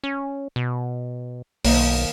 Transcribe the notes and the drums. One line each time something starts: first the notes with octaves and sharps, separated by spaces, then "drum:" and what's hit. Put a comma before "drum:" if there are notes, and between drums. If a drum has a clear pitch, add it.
C#4
B2
B1 D#3 A#3, drum: open hi-hat